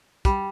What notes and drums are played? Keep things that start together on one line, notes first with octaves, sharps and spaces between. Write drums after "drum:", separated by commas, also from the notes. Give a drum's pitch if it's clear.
G3, drum: kick, hi-hat